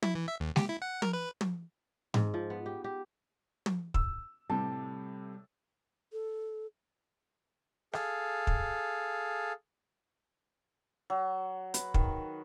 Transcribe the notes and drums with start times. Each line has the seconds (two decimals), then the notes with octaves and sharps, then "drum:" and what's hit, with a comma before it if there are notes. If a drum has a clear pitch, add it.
0.03 E4, drum: tom
0.15 E3
0.28 E5
0.40 D#2
0.56 G4, drum: snare
0.69 E4
0.82 F#5
1.02 A#4, drum: tom
1.13 B4
1.41 drum: tom
2.14 G#2, drum: tom G#2
2.34 F3
2.50 B3
2.66 G4
2.84 G4
3.66 drum: tom
3.94 E6, drum: kick
4.50 A2 C3 G3 A5
6.13 A4
7.93 G#4 A4 F5, drum: rim click
8.47 drum: kick
11.10 F#3
11.74 B4, drum: hi-hat
11.94 D#3, drum: kick